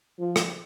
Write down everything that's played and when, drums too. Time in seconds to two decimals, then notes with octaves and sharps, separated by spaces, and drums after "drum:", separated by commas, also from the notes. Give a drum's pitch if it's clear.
0.19 F3
0.36 drum: rim click